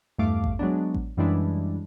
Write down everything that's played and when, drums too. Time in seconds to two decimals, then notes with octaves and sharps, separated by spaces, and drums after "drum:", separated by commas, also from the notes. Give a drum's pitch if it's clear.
0.18 E2 G2 A3 F5 D6
0.44 drum: kick A1
0.59 F#3 G#3 B3 D4
0.94 drum: kick A1
1.17 F#2 E3 G3 G#3 D4 E4